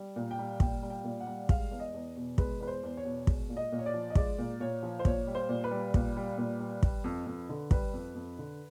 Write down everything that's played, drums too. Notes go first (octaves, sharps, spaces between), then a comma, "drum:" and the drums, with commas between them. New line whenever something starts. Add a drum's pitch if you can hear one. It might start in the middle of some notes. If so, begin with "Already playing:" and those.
Already playing: G3
A#2
G5
G3
A#2 G5, drum: kick
G3
G5
A#2
F#5
G3
G#3 F5, drum: kick
E2
D#5
E2
B2
G#3 B4, drum: kick
E2 B4
C5
E2
C#5
B2
G#3, drum: kick
A#2
D#5
A#2
C#5
D5
F3
D#5
G#3 D5, drum: kick
A#2
A#2 C#5
F3
C5
A#2 C#5, drum: kick
G3
C5
A#2
B4
G3
A#2, drum: kick
G3
A#2
G3
G3, drum: kick
F2
F2
D3
G3 B4, drum: kick
F2
F2
D3